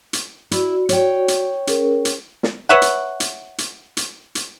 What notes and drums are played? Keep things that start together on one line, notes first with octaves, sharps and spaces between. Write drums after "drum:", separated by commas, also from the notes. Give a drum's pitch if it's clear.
drum: hi-hat
E4 F#4 D5, drum: hi-hat
C#5 G5, drum: hi-hat
drum: hi-hat
C#4 G#4 A#4, drum: hi-hat
drum: hi-hat
drum: snare
B4 C#5 E5 F#5
drum: hi-hat
drum: hi-hat
drum: hi-hat
drum: hi-hat
drum: hi-hat